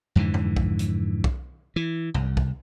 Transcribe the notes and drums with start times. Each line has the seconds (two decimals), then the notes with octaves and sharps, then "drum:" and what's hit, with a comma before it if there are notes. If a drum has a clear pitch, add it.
0.16 F2 G#2 D3 E3
0.34 drum: tom G2
0.56 drum: kick
0.79 drum: hi-hat
1.24 drum: kick
1.76 E3
2.14 C2, drum: tom G2
2.37 drum: kick